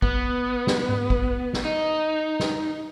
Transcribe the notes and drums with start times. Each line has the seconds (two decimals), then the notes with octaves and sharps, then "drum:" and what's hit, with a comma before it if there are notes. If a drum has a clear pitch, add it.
0.02 B3, drum: kick
0.67 drum: snare
0.89 drum: tom G#2
1.10 drum: kick
1.53 drum: snare
1.65 D#4
2.40 drum: snare